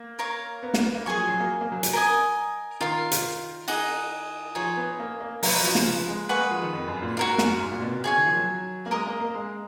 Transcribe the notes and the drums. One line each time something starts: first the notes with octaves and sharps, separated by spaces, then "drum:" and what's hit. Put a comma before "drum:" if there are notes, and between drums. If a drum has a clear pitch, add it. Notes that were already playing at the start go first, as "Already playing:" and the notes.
Already playing: A#3
A#4 C#5 F5 A#5
B3
A#3, drum: snare
B3
A#3
F#3 G#4 D#5 G#5 C#6
F3
F#3
A#3
A#3
F#3
drum: hi-hat
A#4 D#5 G#5 D#6
D#3 F4 A#4 F5
drum: hi-hat
D#4 G#4 D#5 F#5, drum: cymbal
F3 D#4 G#4 C#5
B3
A#3
A#3
F#3 B4 F5 A#5, drum: open hi-hat
F#3
F3
C#3, drum: snare
F3
G#3
A#3 G#4 B4 F#5 C#6
G#3
F3
D#3
F2
F#2
A#2
G#2 F#4 A#4 F5
F#2, drum: snare
G#2
A#2
B2
B2
C#3 G#4 C#5 G#5
D#3
F3
F#3
A#3
G#3 A#4 D#5 A#5 D#6
A#3
A#3
G#3